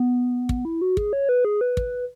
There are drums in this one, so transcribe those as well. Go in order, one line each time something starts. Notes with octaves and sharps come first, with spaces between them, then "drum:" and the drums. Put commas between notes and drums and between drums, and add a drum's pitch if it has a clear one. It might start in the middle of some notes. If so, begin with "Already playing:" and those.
Already playing: B3
drum: kick
E4
F#4
G#4, drum: kick
C#5
B4
G#4
B4
drum: kick